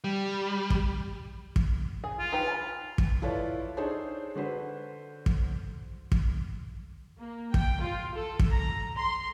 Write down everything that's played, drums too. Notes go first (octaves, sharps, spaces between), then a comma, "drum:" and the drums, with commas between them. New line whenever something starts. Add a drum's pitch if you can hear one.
G3
drum: kick
drum: kick
G#4
F4
D#4 G4 B4
G#5 B5
drum: kick
E4 F4 A4 B4 C#5 D5
D4 D#4 G#4 A4 C5 C#5
D3 F#4 B4 C5
drum: kick
drum: kick
A#3
G5, drum: kick
F4
A4
drum: kick
A#5
C6